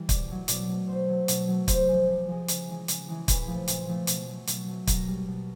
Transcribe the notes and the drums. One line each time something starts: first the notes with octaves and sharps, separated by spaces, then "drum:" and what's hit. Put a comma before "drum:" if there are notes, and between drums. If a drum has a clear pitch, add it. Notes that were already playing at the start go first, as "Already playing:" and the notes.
Already playing: E3 G3
B2 D5, drum: kick, hi-hat
F#3 A3
B2 D5, drum: hi-hat
F#3 A3
B2 C5
F#3 A3
B2, drum: hi-hat
F#3 A3
C3 C5, drum: kick, hi-hat
F3 G#3
C3
F3 G#3
C#3, drum: hi-hat
E3 G#3
C#3, drum: hi-hat
E3 G#3
A#2 B4, drum: kick, hi-hat
F3 A3
A#2, drum: hi-hat
F3 A3
B2, drum: hi-hat
F#3 A3
B2, drum: hi-hat
F#3 A3
B2 A#4, drum: kick, hi-hat
G3
B2